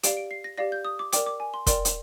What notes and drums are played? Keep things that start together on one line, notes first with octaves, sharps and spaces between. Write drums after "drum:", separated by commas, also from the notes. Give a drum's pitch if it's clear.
G4 D5 F5 D7, drum: hi-hat
D7
C7
A#6
G4 D5 F5 A#6
G6
D#6
D6
A#4 D5 G5 D6, drum: hi-hat
D6
G#5
C6
A#4 D5 G5 C6, drum: kick, hi-hat
drum: hi-hat